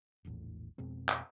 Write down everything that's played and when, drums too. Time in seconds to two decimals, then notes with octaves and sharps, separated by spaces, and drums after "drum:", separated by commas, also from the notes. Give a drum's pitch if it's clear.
0.25 E1 A#1 E2 A2
0.78 F2 B2 G#3 C4
1.09 drum: clap